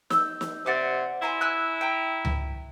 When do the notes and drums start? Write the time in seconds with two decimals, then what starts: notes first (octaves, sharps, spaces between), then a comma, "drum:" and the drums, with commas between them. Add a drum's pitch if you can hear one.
0.10 E6 G6, drum: snare
0.41 drum: snare
0.66 C3 D5 F#5 D6
1.22 E4 G#5 A#5 C6
1.41 G#5 E6 F#6
1.81 G5 A#5
2.25 drum: tom C#2